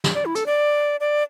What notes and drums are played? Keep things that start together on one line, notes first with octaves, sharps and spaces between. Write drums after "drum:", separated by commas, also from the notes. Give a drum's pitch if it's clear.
drum: snare
D5
E4
A4, drum: hi-hat
D5
D5